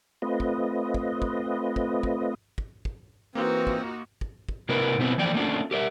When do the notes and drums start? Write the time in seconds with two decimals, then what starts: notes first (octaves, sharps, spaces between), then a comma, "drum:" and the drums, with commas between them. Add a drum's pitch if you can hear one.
0.22 A3 C4 F4 B4 D#5
0.40 drum: kick
0.94 drum: kick
1.22 drum: kick
1.76 drum: kick
2.03 drum: kick
2.58 drum: kick
2.85 drum: kick
3.35 E3 A#3 C4 D#4 F4 F#4
3.67 drum: kick
4.21 drum: kick
4.49 drum: kick
4.69 C3 A#3 E4 A#4 B4
4.98 B2 B3 C4 E4 B4
5.18 E3 F3 A#3 D5 G5
5.34 A3 A#3 C#4 D4 F4
5.71 G4 A#4 D5 E5